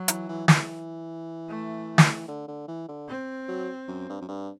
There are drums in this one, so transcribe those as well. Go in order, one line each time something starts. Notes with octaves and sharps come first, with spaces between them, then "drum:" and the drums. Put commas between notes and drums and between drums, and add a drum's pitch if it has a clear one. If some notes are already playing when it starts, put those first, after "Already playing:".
Already playing: F#3
E3, drum: hi-hat
E3
E3, drum: snare
A3
drum: snare
D3
D3
E3
D3
C4
F#3
F#2
G2
F#2
G2